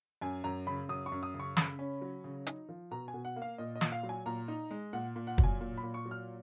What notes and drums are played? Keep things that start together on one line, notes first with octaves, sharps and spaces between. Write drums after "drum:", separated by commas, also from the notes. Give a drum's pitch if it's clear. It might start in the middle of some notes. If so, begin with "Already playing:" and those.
F#2 G#5
F#2 A#5
C#3 B5
F#2 D#6
C#6
F#2
D#6
C#3
C#6
C#3 B5, drum: snare
C#4
F#3
C#3
D#4, drum: hi-hat
F3
B2 A#5
G#5
B2
F#5
A#3
F5
A#2 D#5
D#5
A#2, drum: snare
F5
F#3
G#5
A#2 A#5
D#4
G#3
A#2 F#5
A#2
F#5
F#3, drum: kick
G#5
A#2
B5
A#2
C#6
F#3
F6